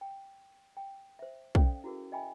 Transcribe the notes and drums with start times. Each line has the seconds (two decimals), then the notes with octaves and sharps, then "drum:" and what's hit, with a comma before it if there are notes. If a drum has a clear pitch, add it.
0.01 G5
0.77 G5
1.19 C5 E5
1.55 C#4 A4 C5 D5 F5 G5, drum: kick B1
1.84 E4 F#4 G#4 A#4
2.12 D#5 E5 G5 G#5 B5